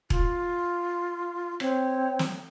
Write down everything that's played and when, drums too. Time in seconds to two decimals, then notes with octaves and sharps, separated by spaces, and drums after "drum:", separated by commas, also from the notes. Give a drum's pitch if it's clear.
0.10 F4, drum: kick E1
1.60 C4 C#5, drum: rim click
2.19 drum: snare